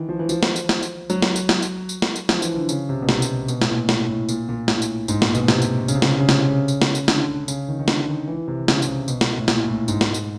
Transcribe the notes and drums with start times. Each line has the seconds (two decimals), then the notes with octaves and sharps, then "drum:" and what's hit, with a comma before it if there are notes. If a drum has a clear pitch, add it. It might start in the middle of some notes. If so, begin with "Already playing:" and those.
Already playing: D#3 E3
0.09 F3
0.19 E3
0.29 F3, drum: tambourine
0.43 drum: snare
0.56 drum: tambourine
0.69 drum: snare
0.83 drum: tambourine
1.10 F#3, drum: tambourine
1.22 drum: snare
1.36 drum: tambourine
1.49 drum: snare
1.62 drum: tambourine
1.89 drum: tambourine
2.02 drum: snare
2.16 drum: tambourine
2.29 F3, drum: snare
2.42 E3, drum: tambourine
2.56 D3
2.69 C#3, drum: tambourine
2.89 C3
3.02 B2
3.09 C3, drum: snare
3.22 drum: tambourine
3.48 B2, drum: tambourine
3.62 A2, drum: snare
3.69 A#2
3.89 A2, drum: snare
4.08 A2
4.29 A#2, drum: tambourine
4.49 A#2
4.68 A2, drum: snare
4.82 drum: tambourine
5.08 G#2, drum: tambourine
5.22 A#2, drum: snare
5.35 B2, drum: tambourine
5.48 C3, drum: snare
5.62 drum: tambourine
5.88 C#3, drum: tambourine
5.95 C3
6.02 C#3, drum: snare
6.20 C#3
6.29 C3, drum: snare
6.48 C#3
6.68 drum: tambourine
6.82 drum: snare
6.95 drum: tambourine
7.08 D3, drum: snare
7.28 D3
7.48 C#3, drum: tambourine
7.68 D#3
7.79 D#3
7.88 D3, drum: snare
8.08 D#3
8.28 E3
8.48 C3
8.68 C#3, drum: snare
8.82 C#3, drum: tambourine
8.88 C3
9.08 B2, drum: tambourine
9.21 drum: snare
9.38 A2
9.48 A#2, drum: snare
9.68 A2
9.88 G#2, drum: tambourine
10.01 drum: snare
10.14 drum: tambourine